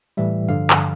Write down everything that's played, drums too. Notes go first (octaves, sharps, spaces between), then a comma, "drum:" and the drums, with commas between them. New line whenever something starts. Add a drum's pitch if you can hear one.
A2 E3 G3 E5
G2 D3 F3 F5
drum: clap